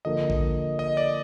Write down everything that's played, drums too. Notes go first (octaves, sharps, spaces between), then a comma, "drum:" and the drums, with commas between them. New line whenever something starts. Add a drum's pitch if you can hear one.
D3 F3 A#3 D#5
drum: kick A1
D#5
D5